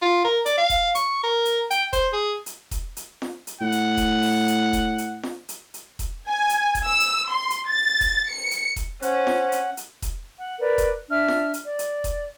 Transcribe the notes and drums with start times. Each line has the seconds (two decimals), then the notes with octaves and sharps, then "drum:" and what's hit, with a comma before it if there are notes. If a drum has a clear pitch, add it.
0.02 F4
0.24 A#4
0.46 D5, drum: hi-hat
0.57 F5
0.70 drum: kick E1, hi-hat
0.95 C#6, drum: hi-hat
1.23 A#4
1.45 drum: hi-hat
1.71 G5, drum: hi-hat
1.93 C5, drum: kick E1, hi-hat
2.13 G#4
2.46 drum: hi-hat
2.71 drum: kick E1, hi-hat
2.97 drum: hi-hat
3.22 drum: snare F4
3.47 drum: hi-hat
3.61 A2 F#5
3.72 drum: hi-hat
3.97 drum: kick E1, hi-hat
4.23 drum: open hi-hat
4.48 drum: hi-hat
4.73 drum: kick E1, hi-hat
4.98 drum: hi-hat
5.23 drum: snare F4
5.49 drum: hi-hat
5.74 drum: hi-hat
5.99 drum: kick E1, hi-hat
6.28 G#5
6.49 drum: hi-hat
6.75 drum: kick E1, hi-hat
6.85 E6
7.00 drum: hi-hat
7.30 C6
7.50 drum: hi-hat
7.67 A6
8.01 drum: kick E1, hi-hat
8.29 C#7
8.51 drum: hi-hat
8.76 drum: kick E1, hi-hat
9.02 C#4 C5 F#5, drum: hi-hat
9.27 drum: snare F4
9.52 drum: hi-hat
9.77 drum: hi-hat
10.02 drum: kick E1, hi-hat
10.38 F#5
10.59 A#4 B4 D5
10.78 drum: kick E1, hi-hat
11.09 D4 E5 F6
11.28 drum: snare F4
11.54 drum: hi-hat
11.63 D5
11.79 drum: hi-hat
12.04 drum: kick E1, hi-hat